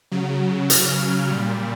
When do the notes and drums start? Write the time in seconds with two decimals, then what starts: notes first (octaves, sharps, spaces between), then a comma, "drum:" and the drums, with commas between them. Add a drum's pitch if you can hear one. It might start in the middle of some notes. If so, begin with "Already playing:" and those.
0.12 C#3 F#3
0.70 F6, drum: hi-hat
1.28 A#2 G3